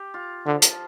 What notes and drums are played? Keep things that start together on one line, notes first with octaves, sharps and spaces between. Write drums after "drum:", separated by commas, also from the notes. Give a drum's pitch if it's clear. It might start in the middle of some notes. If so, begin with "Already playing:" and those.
Already playing: G4
F4
D3 F3
drum: hi-hat